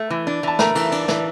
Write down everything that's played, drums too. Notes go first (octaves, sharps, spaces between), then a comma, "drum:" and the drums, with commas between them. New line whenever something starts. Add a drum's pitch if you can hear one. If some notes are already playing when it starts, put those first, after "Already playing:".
Already playing: A3
E3
D4
E3 A5
A3 A#4 A#5, drum: snare
E3, drum: cymbal
D4, drum: cymbal
E3, drum: snare